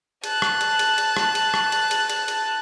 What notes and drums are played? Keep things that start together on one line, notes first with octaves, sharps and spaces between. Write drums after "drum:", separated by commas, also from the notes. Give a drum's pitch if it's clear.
A5 F#6, drum: cymbal
drum: rim click
drum: cymbal
drum: cymbal
drum: cymbal
drum: rim click
drum: cymbal
drum: rim click
drum: cymbal
drum: cymbal
drum: cymbal
drum: cymbal